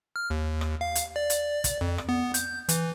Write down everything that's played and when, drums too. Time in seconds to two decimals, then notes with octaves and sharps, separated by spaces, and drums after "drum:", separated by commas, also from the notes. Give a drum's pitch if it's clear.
0.16 F6
0.30 D#2
0.61 drum: rim click
0.81 F5
0.95 drum: hi-hat
1.16 D5
1.30 drum: hi-hat
1.64 drum: kick, hi-hat
1.81 F2
1.98 drum: rim click
2.09 B3
2.34 G6, drum: hi-hat
2.69 E3, drum: hi-hat